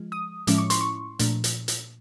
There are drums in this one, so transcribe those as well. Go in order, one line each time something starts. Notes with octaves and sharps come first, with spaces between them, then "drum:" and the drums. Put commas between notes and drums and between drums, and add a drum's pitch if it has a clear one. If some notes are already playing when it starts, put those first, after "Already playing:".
Already playing: F3 G#3
D#6
A2 F3 G#3 C#4 E4 D6, drum: hi-hat
C#6
C6, drum: hi-hat
C#6
A#2 F3 A3 D4, drum: hi-hat
drum: hi-hat
drum: hi-hat